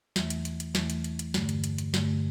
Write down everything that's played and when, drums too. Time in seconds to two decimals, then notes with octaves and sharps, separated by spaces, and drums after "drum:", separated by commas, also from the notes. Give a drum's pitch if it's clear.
0.16 E2 E3 A3, drum: snare
0.30 drum: hi-hat
0.45 drum: hi-hat
0.60 drum: hi-hat
0.75 E2 E3 A3, drum: snare
0.90 drum: hi-hat
1.04 drum: hi-hat
1.19 drum: hi-hat
1.34 G2 D3 A3, drum: snare
1.49 drum: hi-hat
1.64 drum: hi-hat
1.78 drum: hi-hat
1.94 G2 D3 A3, drum: snare